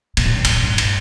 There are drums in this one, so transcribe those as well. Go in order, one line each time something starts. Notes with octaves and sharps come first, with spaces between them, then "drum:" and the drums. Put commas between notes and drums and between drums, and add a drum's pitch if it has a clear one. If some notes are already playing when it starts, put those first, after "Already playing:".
B2, drum: cymbal
A2
G2
A2, drum: cymbal
G2
drum: cymbal